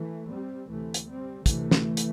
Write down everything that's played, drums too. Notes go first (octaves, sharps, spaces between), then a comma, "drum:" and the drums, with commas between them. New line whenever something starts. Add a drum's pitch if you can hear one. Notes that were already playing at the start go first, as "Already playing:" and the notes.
Already playing: E3 A3
G3 C4
D2 C3 E3 A3
drum: hi-hat
G3 C4
D2 C3 E3 A3, drum: kick, hi-hat
drum: snare
drum: hi-hat